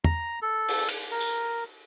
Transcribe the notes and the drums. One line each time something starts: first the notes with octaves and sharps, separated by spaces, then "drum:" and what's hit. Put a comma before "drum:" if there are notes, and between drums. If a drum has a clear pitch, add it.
A#5, drum: tom
A4
drum: open hi-hat
drum: cymbal
A#4
drum: tambourine